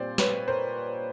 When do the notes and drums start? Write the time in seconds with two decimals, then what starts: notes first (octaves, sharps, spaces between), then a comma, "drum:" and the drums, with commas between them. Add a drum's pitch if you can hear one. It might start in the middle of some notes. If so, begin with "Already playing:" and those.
Already playing: A#2 G3 C4 C5 D5
0.18 B4 C#5, drum: snare
0.48 A#4 C5